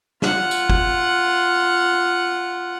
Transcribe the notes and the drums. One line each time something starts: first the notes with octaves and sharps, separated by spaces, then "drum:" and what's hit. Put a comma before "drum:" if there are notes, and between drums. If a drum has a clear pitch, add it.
F4 F#5, drum: snare
drum: tambourine
drum: kick G1